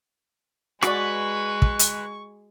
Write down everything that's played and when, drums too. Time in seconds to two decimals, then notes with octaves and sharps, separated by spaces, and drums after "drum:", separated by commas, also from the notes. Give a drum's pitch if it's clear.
0.83 G#3 F#4 B4 D5 C#6, drum: rim click
1.62 drum: kick
1.79 drum: hi-hat